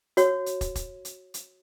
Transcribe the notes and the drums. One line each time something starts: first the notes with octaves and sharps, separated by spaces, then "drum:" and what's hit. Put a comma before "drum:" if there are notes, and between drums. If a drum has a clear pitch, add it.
F#4 C#5, drum: hi-hat
drum: hi-hat
drum: kick, hi-hat
drum: kick, hi-hat
drum: hi-hat
drum: hi-hat